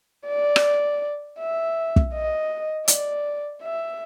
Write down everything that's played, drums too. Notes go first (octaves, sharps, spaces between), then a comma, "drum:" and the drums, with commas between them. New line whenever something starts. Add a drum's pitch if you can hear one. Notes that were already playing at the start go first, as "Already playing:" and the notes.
D5
drum: rim click
E5
drum: kick
D#5
D5, drum: hi-hat
E5